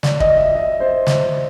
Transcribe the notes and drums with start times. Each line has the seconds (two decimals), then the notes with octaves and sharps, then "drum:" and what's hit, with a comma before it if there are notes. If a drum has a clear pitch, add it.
0.03 D5, drum: snare
0.20 D#5, drum: kick
0.37 E5
0.55 D#5
0.80 C5
1.07 drum: snare